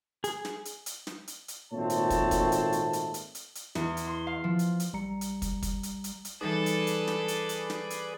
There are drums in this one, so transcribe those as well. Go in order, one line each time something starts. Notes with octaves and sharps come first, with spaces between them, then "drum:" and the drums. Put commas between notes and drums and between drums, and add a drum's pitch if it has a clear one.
G#4, drum: hi-hat
drum: snare
drum: hi-hat
drum: hi-hat
drum: snare
drum: hi-hat
drum: hi-hat
G#1 A#2 A3 C4 C#5 A5
drum: hi-hat
drum: kick, hi-hat
drum: kick, hi-hat
drum: hi-hat
drum: hi-hat
drum: hi-hat
drum: hi-hat
drum: hi-hat
drum: hi-hat
E2, drum: snare
drum: hi-hat
C6
F5
F3
drum: hi-hat
drum: hi-hat
A1 G3 A#5 C#7
drum: hi-hat
drum: kick, hi-hat
drum: kick, hi-hat
drum: hi-hat
drum: hi-hat
drum: hi-hat
E3 G3 D#4 G#4 A4 B4 D5
drum: hi-hat
drum: hi-hat
drum: snare
drum: hi-hat
drum: hi-hat
drum: snare
drum: hi-hat